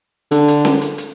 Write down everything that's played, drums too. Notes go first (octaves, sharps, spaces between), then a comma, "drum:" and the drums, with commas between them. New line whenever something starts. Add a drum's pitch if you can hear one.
D3, drum: hi-hat
drum: hi-hat
drum: snare
drum: hi-hat
drum: hi-hat